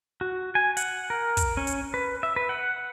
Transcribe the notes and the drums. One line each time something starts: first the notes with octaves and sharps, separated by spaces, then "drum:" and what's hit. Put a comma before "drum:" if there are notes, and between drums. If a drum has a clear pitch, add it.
F#4
G#5
F#5, drum: hi-hat
A#4
drum: kick, hi-hat
C#4
drum: hi-hat
B4
E5
B4
F#5